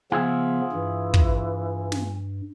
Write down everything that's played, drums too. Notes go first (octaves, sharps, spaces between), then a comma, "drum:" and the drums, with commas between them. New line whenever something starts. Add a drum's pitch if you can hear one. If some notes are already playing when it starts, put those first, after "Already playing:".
C#3 F3 B3 F4 G#4 E5
G2 E3
drum: kick
drum: snare